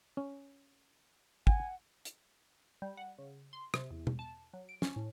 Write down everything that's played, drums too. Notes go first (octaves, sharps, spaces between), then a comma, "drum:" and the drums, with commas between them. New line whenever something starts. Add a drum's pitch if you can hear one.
C#4
F#5 G#5, drum: kick
drum: hi-hat
G3
F#5
C#3
C6
C3, drum: rim click
E2
drum: tom B2
A5
F#3
D7
C#4, drum: snare
A2